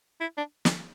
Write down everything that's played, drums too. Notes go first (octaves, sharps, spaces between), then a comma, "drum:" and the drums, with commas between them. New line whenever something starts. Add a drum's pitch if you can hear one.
E4
D4
drum: snare